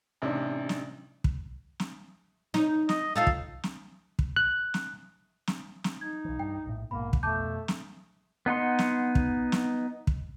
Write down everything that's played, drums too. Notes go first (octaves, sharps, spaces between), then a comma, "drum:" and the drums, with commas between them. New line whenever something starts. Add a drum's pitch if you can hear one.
A1 C3 D4 D#4
drum: snare
drum: kick
drum: snare
D#4, drum: snare
D#5, drum: snare
D#4 F4 A4 F5
drum: kick
drum: snare
drum: kick
F#6
drum: snare
drum: snare
drum: snare
D#4 G#6
B1 E3
G2 G5
A#1 A2
A#1 G#2 B2 A#3 B5
drum: kick
F2 B2 A3 A5 D6 G6
drum: snare
B3 D#4 F#5 C6
drum: snare
drum: kick
drum: snare
drum: kick